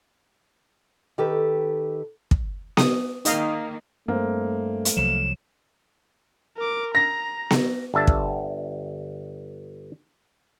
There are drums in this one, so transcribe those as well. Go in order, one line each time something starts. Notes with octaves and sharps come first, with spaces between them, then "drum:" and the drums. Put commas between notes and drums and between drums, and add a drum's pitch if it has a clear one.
D#3 G4 A4 B4
drum: kick
D#6, drum: snare B3
D#3 A#3 D#4 D#5 F5, drum: hi-hat
G2 A3 A#3 C4
drum: hi-hat
C2 F3 F#3 E7
A#4 D6
A#5 A#6
drum: snare B3
G1 D4 E5 A5
drum: kick